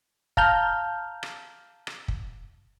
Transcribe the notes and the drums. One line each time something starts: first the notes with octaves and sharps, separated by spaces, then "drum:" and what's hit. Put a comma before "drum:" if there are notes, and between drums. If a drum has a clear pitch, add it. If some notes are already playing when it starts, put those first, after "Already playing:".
F5 A5 A#5 F6 G6, drum: kick
drum: rim click
drum: rim click
drum: kick